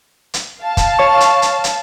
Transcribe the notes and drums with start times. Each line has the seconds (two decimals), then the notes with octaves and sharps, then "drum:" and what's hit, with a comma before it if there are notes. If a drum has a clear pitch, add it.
0.34 drum: hi-hat
0.63 F5 A5
0.77 drum: kick, hi-hat
0.99 C#5 C#6
1.20 drum: hi-hat
1.42 drum: hi-hat
1.64 drum: hi-hat